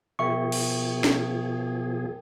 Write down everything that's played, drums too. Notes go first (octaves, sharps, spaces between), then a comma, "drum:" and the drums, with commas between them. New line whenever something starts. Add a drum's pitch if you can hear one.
B2 F3 G#4 A#4 E5 G5 C#6
drum: cymbal
drum: snare